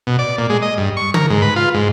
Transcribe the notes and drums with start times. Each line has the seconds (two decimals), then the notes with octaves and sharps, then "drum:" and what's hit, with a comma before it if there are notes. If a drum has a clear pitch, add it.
0.07 B2
0.19 D5
0.38 A#2
0.50 G#3
0.62 D#5
0.77 G2
0.97 C#6
1.14 A#4, drum: tom
1.30 G#2
1.42 B4
1.56 F4
1.74 G#2